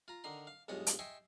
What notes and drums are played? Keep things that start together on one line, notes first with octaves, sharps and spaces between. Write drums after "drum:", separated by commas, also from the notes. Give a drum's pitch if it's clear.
F4 A#5
D3 D#3 A#5 C6
F5
B1 G2 G#3 F4 C#5 D#5
drum: hi-hat
D#5 E5 G5 G#5 C6 C#6